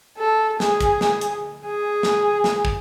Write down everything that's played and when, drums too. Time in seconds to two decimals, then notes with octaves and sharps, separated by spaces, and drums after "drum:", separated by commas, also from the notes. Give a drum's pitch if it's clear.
0.18 A4
0.60 G#4, drum: snare
0.81 drum: kick, hi-hat
1.01 drum: snare
1.21 drum: hi-hat
1.66 G#4
2.03 drum: snare
2.44 drum: snare
2.65 drum: kick